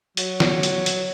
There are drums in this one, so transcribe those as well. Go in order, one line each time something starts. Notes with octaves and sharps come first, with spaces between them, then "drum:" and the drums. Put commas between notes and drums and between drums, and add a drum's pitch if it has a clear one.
F#3, drum: hi-hat
drum: snare
drum: hi-hat
drum: hi-hat